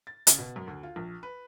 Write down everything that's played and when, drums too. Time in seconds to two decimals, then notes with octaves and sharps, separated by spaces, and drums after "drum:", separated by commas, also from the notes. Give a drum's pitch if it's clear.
0.07 A6
0.27 C#3, drum: hi-hat
0.38 B2
0.56 F#2
0.67 D2
0.83 F4
0.96 A#1
1.23 B4